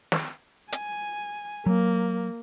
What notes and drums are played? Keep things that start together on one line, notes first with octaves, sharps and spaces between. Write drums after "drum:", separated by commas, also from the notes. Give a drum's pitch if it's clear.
drum: snare
G#5, drum: hi-hat
F#3 A#3